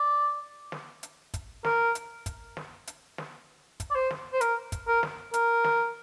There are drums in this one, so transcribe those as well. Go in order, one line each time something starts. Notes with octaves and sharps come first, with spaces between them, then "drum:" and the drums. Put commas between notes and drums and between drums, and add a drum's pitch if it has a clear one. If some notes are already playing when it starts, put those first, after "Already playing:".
Already playing: D5
drum: snare
drum: hi-hat
drum: kick, hi-hat
A#4, drum: snare
drum: hi-hat
drum: kick, hi-hat
drum: snare
drum: hi-hat
drum: snare
drum: kick, hi-hat
D5
C5
drum: snare
C5
A#4, drum: hi-hat
drum: kick, hi-hat
A#4
drum: snare
A#4, drum: hi-hat
drum: snare